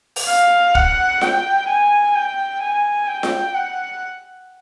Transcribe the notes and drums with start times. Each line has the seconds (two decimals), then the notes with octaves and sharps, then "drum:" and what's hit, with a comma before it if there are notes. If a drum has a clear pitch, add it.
0.16 drum: open hi-hat
0.28 F5
0.75 F#5, drum: kick
1.21 G5, drum: snare F4
1.68 G#5
2.15 G5
2.61 G#5
3.08 G5
3.23 drum: snare F4
3.54 F#5